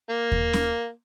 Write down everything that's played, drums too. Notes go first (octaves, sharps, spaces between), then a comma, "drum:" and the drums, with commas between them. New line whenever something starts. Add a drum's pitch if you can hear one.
A#3
drum: kick D#2
drum: snare